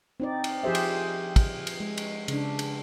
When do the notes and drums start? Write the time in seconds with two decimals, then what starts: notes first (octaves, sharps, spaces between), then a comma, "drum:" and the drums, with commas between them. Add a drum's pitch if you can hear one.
0.20 C4 D#4 D5
0.44 drum: cymbal
0.63 F3 G4 G#4 C5 E5
0.75 drum: cymbal
1.36 drum: kick, cymbal
1.67 drum: cymbal
1.80 G#3
1.97 drum: cymbal
2.28 C#3 D4, drum: cymbal
2.59 drum: cymbal